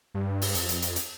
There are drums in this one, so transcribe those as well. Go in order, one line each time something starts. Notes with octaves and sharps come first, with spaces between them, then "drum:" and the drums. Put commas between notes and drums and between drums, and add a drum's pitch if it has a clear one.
G2
drum: open hi-hat
F2, drum: hi-hat
drum: hi-hat
drum: hi-hat
drum: hi-hat